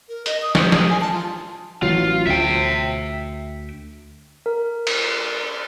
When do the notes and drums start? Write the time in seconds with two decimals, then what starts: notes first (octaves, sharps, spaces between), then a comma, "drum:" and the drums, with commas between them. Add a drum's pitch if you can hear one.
0.09 A#4
0.26 D#5, drum: hi-hat
0.42 D#6
0.55 C5, drum: snare
0.72 D#6, drum: snare
0.89 G#5
1.01 A5
1.13 F4
1.83 A1 E3 F#3 F4
2.27 D2 E5 G5
4.46 A#4
4.87 drum: cymbal